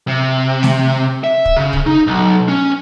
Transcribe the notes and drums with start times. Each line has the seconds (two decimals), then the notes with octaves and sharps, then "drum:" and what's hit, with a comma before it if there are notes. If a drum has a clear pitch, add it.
0.08 C3
0.63 drum: snare A3
1.24 E5
1.45 drum: kick
1.57 C#3
1.73 drum: kick
1.87 D#4
2.07 B1
2.48 C#4